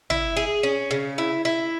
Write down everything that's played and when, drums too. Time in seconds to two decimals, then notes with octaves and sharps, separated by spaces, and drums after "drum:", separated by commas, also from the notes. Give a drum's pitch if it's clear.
0.10 E4, drum: tom
0.36 G#4
0.63 C#4
0.91 C#3
1.18 E4
1.45 E4